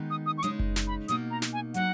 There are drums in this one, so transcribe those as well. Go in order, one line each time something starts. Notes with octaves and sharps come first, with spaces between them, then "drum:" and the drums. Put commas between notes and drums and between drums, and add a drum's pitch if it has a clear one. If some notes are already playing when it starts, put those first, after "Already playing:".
Already playing: D#3 G#3 B3 D#4
D#6
D#6
C#6
C#3 G#3 D#4 D#6, drum: hi-hat
drum: kick F#1
drum: snare
B5
B2 A#3 D#4 D#6, drum: hi-hat
A#5
drum: snare
G#5
F#3 A#3 D#4 F#5, drum: hi-hat